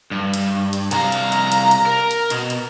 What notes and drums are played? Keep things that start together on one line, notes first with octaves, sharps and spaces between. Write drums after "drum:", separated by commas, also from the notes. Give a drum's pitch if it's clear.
G2
drum: hi-hat
drum: hi-hat
C2 F5 A#5, drum: hi-hat
drum: hi-hat
drum: hi-hat
drum: hi-hat
drum: hi-hat
A#4
drum: hi-hat
B2, drum: hi-hat
drum: hi-hat